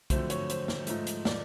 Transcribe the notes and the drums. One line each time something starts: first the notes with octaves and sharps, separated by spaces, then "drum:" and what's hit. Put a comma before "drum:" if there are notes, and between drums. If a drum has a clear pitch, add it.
F2 D3 F#3 A3 C5, drum: kick, hi-hat
C#5, drum: hi-hat
C5, drum: hi-hat
drum: snare
G#2 F3 A3, drum: hi-hat
drum: hi-hat
D5, drum: snare